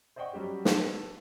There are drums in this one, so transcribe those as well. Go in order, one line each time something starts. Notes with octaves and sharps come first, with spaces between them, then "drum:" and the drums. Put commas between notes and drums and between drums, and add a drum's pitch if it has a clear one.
C5 D5 D#5 F#5 G5 C#6
F#3 G3 C#4 G4
A4 B4, drum: snare